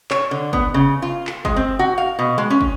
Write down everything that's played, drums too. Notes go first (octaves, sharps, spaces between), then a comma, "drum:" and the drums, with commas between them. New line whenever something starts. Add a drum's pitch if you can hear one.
C#5, drum: clap
D3
B3, drum: kick
C#3
F4
drum: clap
G#3, drum: kick
C4
F#4
F5
B2
G#3
C#4
drum: kick